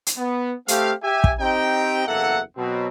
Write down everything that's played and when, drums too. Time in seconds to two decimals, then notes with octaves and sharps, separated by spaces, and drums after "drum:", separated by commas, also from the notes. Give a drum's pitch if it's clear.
0.06 drum: hi-hat
0.17 B3
0.68 A3 C4 G4 F5, drum: hi-hat
1.03 G4 E5 G#5
1.24 drum: kick
1.40 C4 D#4 G4 G5
2.07 F#1 E2 A#3 A4 E5 F#5
2.57 B2 F#3 C4